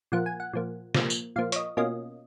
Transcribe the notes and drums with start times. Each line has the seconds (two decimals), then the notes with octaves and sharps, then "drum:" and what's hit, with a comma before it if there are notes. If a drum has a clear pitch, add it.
0.12 A#2 F3 A#3 F#5
0.26 G#5
0.40 F#5
0.53 A#2 F3 A#3
0.95 A#2 F3 A#3, drum: snare
1.10 drum: tambourine
1.36 A#2 F3 A#3 F5
1.52 C#5, drum: hi-hat
1.56 D#5
1.77 B2 A#3 C#4 F4 D#5